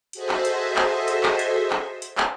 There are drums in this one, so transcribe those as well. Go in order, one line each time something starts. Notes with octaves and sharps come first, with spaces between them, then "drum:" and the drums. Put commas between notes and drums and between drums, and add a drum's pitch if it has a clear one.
F#4 G#4 A4 C5 D#5 E5, drum: hi-hat
drum: clap
drum: hi-hat
drum: clap
drum: hi-hat
drum: clap
drum: hi-hat
drum: clap
drum: hi-hat
drum: clap